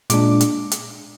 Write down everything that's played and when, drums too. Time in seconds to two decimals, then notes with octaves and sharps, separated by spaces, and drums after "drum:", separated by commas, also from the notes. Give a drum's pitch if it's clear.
0.10 A#2 G#3 D4 D6, drum: hi-hat
0.41 drum: hi-hat
0.72 drum: hi-hat